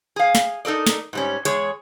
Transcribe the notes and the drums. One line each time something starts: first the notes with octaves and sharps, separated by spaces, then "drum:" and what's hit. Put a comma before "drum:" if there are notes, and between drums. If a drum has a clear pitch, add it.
G#4 F5
drum: snare
D#4 A4 A#4 D5
drum: snare
G#2 G3 C#4
E2 G#3 G#4 C#5, drum: hi-hat